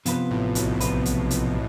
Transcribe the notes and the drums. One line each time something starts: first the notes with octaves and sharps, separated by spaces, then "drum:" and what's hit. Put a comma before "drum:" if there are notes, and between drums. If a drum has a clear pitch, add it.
G2 C3 F3 B3 F4 B4, drum: hi-hat
A1 A2
B1 B2, drum: hi-hat
C3 F3 B3 F4 B4, drum: hi-hat
drum: hi-hat
drum: hi-hat